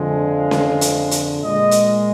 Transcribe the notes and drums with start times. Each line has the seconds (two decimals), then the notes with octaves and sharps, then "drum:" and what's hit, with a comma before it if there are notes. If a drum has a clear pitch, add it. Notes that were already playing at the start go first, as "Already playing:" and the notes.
Already playing: F2 D3 F3 G#3
0.21 F5
0.51 drum: snare C#4
0.81 drum: hi-hat
1.11 drum: hi-hat
1.41 A#2 G#3 D#5
1.71 drum: hi-hat